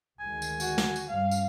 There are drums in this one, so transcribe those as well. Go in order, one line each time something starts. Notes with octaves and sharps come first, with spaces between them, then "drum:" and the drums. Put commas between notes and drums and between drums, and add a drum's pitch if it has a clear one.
D2 D#3 G#3 G#5
drum: tambourine
F#4, drum: tambourine
drum: snare
drum: tambourine
G2 G3 C#4 F5
drum: tambourine